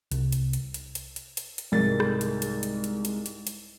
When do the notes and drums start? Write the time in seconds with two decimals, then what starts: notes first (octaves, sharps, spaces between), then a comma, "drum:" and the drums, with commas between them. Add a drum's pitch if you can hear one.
0.11 C2, drum: hi-hat
0.32 drum: hi-hat
0.53 drum: hi-hat
0.74 drum: hi-hat
0.95 drum: hi-hat
1.16 drum: hi-hat
1.37 drum: hi-hat
1.58 drum: hi-hat
1.72 C2 G#2 A#4 A6
2.00 drum: rim click
2.21 drum: hi-hat
2.42 drum: hi-hat
2.63 drum: hi-hat
2.84 drum: hi-hat
3.05 drum: hi-hat
3.26 drum: hi-hat
3.47 drum: hi-hat